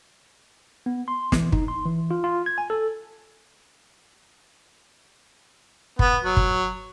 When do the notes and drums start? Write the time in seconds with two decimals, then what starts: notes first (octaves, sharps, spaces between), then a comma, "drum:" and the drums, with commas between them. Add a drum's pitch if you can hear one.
0.86 B3
1.08 C6
1.32 E3, drum: snare
1.52 D#4, drum: kick
1.68 C6
1.86 E3
2.11 F4
2.24 F4
2.46 G#6
2.58 G#5
2.70 A4
5.99 B3, drum: kick
6.23 F#3
6.37 drum: kick